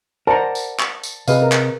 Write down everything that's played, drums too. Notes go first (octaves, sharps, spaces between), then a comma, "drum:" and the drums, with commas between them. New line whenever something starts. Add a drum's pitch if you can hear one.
A#4 C5 D5 F#5 A5 A#5
drum: tambourine
drum: clap
drum: tambourine
C3 G#4 B4 D#5 F5, drum: tambourine
A#4
drum: clap